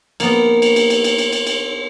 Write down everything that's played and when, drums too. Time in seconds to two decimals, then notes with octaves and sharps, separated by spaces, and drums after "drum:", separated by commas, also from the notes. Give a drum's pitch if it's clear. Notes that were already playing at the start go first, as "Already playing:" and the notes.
0.20 A#3 B3, drum: cymbal
0.62 drum: cymbal
0.76 drum: cymbal
0.90 drum: cymbal
1.04 drum: cymbal
1.18 drum: cymbal
1.33 drum: cymbal
1.47 drum: cymbal